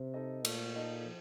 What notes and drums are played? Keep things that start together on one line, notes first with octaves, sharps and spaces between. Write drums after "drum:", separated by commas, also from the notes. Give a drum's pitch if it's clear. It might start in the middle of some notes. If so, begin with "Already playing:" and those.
Already playing: C3
D#4 A4 D#5
A#2 A3, drum: cymbal
D#4 A4 D#5
F3